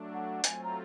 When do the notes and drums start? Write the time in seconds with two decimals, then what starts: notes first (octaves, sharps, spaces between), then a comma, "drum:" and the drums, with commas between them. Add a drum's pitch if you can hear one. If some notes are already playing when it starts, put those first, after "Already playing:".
Already playing: F#3 A3 D4
0.13 F#5
0.44 F#3 A3 C4 F4 G#5, drum: hi-hat
0.63 A#5